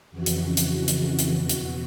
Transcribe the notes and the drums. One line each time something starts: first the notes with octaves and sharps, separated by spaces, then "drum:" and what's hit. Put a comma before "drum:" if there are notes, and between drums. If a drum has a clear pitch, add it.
F2 C#3 E3 F#4
drum: hi-hat
drum: hi-hat
drum: hi-hat
drum: hi-hat
E2 B2 F#4
drum: hi-hat